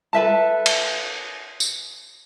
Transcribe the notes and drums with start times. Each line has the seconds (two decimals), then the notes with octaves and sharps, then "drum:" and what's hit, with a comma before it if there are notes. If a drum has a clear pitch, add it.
0.13 A4 B4 E5 A5
0.66 drum: cymbal
1.60 drum: tambourine